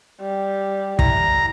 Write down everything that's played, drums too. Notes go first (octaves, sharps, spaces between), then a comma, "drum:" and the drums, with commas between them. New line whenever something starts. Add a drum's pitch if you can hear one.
G3
E4 A#5, drum: kick